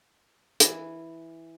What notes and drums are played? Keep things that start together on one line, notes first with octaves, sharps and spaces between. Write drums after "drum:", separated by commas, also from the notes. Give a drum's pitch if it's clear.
E3, drum: hi-hat